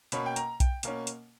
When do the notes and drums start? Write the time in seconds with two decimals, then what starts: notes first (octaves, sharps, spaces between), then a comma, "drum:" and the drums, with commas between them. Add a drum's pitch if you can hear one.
0.12 B2 A#3 C#4 B5, drum: hi-hat
0.26 G5
0.36 A#5, drum: hi-hat
0.60 G5, drum: kick B1, hi-hat
0.83 B2 A#3 C#4, drum: hi-hat
1.07 drum: hi-hat